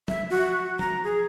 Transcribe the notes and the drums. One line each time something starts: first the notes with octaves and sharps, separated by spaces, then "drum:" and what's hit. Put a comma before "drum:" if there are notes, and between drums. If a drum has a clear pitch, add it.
E5, drum: tom F3
F#4
A#5, drum: tom F3
G#4